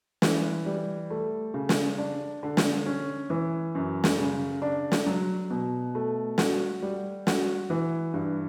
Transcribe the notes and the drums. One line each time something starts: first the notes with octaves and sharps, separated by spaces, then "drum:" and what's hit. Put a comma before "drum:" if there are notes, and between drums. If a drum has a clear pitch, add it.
E3, drum: snare
G3
A3
C#3
drum: snare
D4
D3
drum: snare
C#4
E3
F#2
drum: snare
C#3
D4
drum: snare
F#3
B2
A3
F#4, drum: snare
G3
F#4, drum: snare
E3
G2